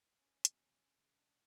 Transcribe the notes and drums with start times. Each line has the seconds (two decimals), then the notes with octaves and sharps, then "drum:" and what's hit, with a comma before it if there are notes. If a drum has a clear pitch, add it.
0.17 C#4
0.45 D#2 B2 F#3, drum: hi-hat
0.98 A1 C#3 G#3
1.14 D4